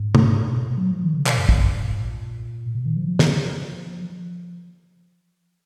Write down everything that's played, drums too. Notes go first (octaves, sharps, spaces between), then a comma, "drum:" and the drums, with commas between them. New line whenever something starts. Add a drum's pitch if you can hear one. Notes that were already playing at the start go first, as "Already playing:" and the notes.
Already playing: G#2
drum: tom
B2
B2
F#3
F3
D#3
C#3
B2, drum: clap
F#2
G#2, drum: kick
F#2
G#2
A#2
B2
D#3
F3
F3
F3, drum: snare